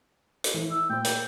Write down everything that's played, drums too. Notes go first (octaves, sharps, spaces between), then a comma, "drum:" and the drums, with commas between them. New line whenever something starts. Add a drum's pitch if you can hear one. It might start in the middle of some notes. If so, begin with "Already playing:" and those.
drum: hi-hat
E3
E6
A#2 C5 G5
drum: hi-hat